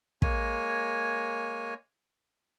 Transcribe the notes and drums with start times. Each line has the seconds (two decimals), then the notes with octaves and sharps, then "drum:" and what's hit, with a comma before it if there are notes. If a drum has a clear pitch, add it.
0.22 G#3 A#3 C#5 G#5, drum: kick